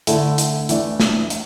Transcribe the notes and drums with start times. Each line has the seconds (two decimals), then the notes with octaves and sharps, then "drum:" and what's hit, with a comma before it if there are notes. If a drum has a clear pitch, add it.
0.07 D3 A3 E4 A4, drum: hi-hat
0.38 drum: hi-hat
0.69 E3 A3 D4, drum: hi-hat
1.00 drum: snare
1.30 drum: hi-hat